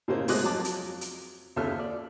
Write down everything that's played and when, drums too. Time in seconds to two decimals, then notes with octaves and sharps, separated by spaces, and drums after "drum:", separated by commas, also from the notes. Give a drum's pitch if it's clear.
0.08 A2 C#3 A#3 C5
0.28 C3 G#3 A3 D#5 D6 F#6, drum: open hi-hat
0.43 F2 F#3 A5 D6
0.65 drum: hi-hat
1.01 drum: hi-hat
1.56 A#1 D#2 C#3 A4 E5 F6
1.79 D5